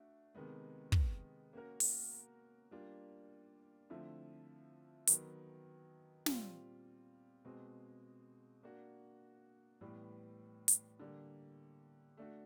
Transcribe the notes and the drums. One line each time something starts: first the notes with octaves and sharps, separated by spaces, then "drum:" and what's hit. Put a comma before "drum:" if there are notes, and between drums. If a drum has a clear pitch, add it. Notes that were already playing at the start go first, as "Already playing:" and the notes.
Already playing: A3 D4 F#4
C3 D#3 G#3 B3
drum: kick
A#3 C#4 F#4 A#4
drum: open hi-hat
G3 A#3 D4 F4
D3 F3 A3 C4 E4
D#3 F#3 B3, drum: hi-hat
A#2 G3 C4 F4, drum: snare
B2 G#3 C4
A#3 D4 F#4
A2 E3 G3 B3
drum: hi-hat
D3 G3 A#3
A3 D4 F#4